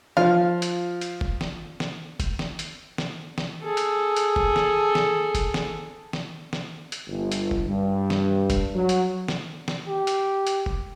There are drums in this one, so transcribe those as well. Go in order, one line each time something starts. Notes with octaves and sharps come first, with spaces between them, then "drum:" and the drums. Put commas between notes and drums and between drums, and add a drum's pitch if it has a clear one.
F3 F4 F5
drum: hi-hat
drum: hi-hat
drum: kick
drum: snare
drum: snare
drum: kick, hi-hat
drum: snare
drum: hi-hat
drum: snare
drum: snare
G#4 A4
drum: hi-hat
drum: hi-hat
drum: kick
drum: snare
drum: snare
drum: kick, hi-hat
drum: snare
drum: snare
drum: snare
drum: hi-hat
G1
drum: hi-hat
drum: kick
G2
drum: snare
drum: kick, hi-hat
F#3
drum: hi-hat
drum: snare
drum: snare
G4
drum: hi-hat
drum: hi-hat
drum: kick